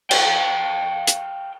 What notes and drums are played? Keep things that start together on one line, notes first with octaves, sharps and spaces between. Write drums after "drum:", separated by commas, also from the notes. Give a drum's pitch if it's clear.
F5 G5, drum: cymbal
drum: hi-hat